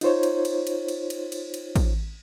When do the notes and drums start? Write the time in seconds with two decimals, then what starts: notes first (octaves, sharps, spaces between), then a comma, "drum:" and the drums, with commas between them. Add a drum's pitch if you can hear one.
0.01 D#4 F4 C5 C#5, drum: cymbal
0.23 drum: cymbal
0.45 drum: cymbal
0.67 drum: cymbal
0.88 drum: cymbal
1.10 drum: cymbal
1.32 drum: cymbal
1.54 drum: cymbal
1.76 drum: kick, cymbal